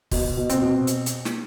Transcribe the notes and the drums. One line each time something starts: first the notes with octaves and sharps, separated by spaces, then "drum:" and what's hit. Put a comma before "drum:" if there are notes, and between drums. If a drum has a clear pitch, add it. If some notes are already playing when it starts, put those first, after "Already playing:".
B2, drum: kick, open hi-hat
B2
C4, drum: hi-hat
B2
drum: hi-hat
drum: hi-hat
drum: snare